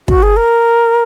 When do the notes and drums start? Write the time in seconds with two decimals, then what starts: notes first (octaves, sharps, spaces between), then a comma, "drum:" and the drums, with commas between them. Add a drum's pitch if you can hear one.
0.08 F#4, drum: kick
0.23 G#4
0.37 A#4